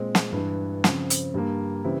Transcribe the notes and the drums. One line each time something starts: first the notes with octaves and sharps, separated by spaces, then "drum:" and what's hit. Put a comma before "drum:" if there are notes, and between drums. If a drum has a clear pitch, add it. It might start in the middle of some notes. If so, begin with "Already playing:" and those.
Already playing: A#2 G#3 C4
drum: snare
G2 E3 G3
C#3 F3 C4, drum: snare
drum: hi-hat
G2 G3 A#3
C#3 E3 G3 C4 E4